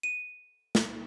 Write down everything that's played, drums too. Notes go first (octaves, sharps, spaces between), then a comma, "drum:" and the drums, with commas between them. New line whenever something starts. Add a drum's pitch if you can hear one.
D#7
drum: snare